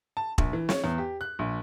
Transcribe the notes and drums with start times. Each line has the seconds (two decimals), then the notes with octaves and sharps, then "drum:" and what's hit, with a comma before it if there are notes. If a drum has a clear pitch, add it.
0.17 A5
0.38 A#1, drum: kick
0.53 E3
0.69 C#5, drum: snare
0.84 E2
0.98 G4
1.21 F#6
1.39 A#1